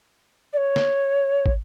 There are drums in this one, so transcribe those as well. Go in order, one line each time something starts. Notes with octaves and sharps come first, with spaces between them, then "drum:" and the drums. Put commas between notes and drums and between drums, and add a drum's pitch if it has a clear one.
D5
C#5
drum: snare
drum: kick